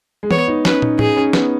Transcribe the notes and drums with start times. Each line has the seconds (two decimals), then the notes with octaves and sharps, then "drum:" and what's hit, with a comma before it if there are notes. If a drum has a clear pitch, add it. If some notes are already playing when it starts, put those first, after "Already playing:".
0.23 G#3
0.31 B3 C#5, drum: tom E3
0.48 D#4
0.65 C#4 B4, drum: snare
0.82 D#4, drum: tom
0.99 D#4 G#4, drum: tom A2
1.16 C#4
1.33 B3, drum: snare